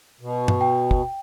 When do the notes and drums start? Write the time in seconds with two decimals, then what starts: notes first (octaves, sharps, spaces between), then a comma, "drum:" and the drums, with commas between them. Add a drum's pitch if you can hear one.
0.21 B2
0.48 drum: tom
0.61 G5
0.91 drum: kick